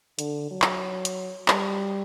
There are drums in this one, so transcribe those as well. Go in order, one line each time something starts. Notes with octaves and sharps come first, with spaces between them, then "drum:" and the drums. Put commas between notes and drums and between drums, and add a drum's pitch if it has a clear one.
D3, drum: hi-hat
F#3
drum: clap
drum: hi-hat
G3, drum: clap